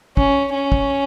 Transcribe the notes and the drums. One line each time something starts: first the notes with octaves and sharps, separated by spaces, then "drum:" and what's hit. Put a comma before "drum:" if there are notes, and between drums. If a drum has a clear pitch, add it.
C#4, drum: kick
C#4
drum: kick